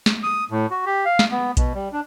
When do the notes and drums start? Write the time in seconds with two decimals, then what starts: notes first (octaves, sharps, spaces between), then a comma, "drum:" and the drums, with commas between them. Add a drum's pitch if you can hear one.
0.06 drum: snare
0.23 D#6
0.51 A2
0.71 F#4
0.86 G4
1.05 F5
1.19 drum: snare
1.31 B3
1.57 B2, drum: kick A#1, hi-hat
1.75 G3
1.92 D4